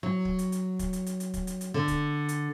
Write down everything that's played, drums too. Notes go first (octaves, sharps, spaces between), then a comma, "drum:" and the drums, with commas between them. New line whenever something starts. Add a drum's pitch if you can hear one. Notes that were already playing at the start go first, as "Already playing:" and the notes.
F#3
drum: kick
drum: hi-hat
drum: hi-hat
drum: kick, hi-hat
drum: hi-hat
drum: hi-hat
drum: hi-hat
drum: kick, hi-hat
drum: hi-hat
drum: hi-hat
D3
drum: kick, hi-hat
drum: hi-hat